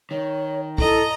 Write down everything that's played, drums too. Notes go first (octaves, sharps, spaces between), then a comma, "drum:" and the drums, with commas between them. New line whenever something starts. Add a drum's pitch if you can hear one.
D#3 C#5
E4 A4 D#5 A#5, drum: kick